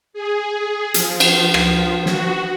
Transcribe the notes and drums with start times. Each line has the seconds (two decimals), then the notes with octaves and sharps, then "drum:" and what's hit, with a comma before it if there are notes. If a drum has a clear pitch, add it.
0.13 G#4
0.94 F3, drum: hi-hat
1.20 drum: cymbal
1.54 drum: rim click
2.06 F#4, drum: snare